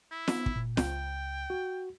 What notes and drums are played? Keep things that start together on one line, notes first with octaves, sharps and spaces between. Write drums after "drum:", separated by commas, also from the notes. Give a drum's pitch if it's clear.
E4
B3 D#4, drum: snare
drum: kick
A#2
C#2 G5, drum: snare
F#4